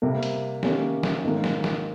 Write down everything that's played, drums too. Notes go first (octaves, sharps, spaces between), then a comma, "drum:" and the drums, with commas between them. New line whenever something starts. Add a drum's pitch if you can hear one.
C3 G3 A#3
drum: hi-hat
D#3 A#3 C#4 G4, drum: snare
drum: snare
G#2 D#3 A#3
drum: snare
drum: snare